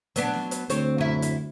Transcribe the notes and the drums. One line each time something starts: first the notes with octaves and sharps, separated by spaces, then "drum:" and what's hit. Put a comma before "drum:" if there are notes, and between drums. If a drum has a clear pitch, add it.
F#3 B3 D4, drum: hi-hat
drum: snare
drum: hi-hat
D2 C4 C#5, drum: hi-hat
F#2 E4
drum: hi-hat